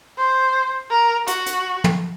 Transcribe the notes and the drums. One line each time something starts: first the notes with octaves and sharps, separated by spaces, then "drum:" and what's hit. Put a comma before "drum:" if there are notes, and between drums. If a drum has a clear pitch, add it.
C5
A#4
F#4, drum: hi-hat
drum: hi-hat
drum: tom